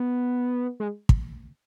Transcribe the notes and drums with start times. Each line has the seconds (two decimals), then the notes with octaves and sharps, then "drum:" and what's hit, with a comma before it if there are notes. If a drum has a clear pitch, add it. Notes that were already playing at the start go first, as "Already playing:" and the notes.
Already playing: B3
0.80 G#3
1.09 drum: kick